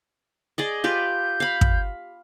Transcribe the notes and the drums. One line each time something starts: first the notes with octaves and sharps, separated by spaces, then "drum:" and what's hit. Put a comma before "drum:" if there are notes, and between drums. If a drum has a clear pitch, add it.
G#4 D5 D#5
F4 G4 B4 G6
F5 B5
drum: kick